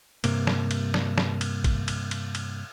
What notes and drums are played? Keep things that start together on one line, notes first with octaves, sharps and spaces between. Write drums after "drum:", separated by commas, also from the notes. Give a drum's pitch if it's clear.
G2 C3 A#3, drum: cymbal
drum: snare
drum: cymbal
drum: snare
drum: snare
drum: cymbal
drum: kick, cymbal
drum: cymbal
drum: cymbal
drum: cymbal